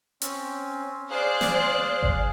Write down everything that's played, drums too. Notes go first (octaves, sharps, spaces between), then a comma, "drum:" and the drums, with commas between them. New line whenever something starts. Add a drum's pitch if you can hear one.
C4 C#4, drum: hi-hat
G#4 C5 D5 F5 F#6
drum: snare
drum: kick G1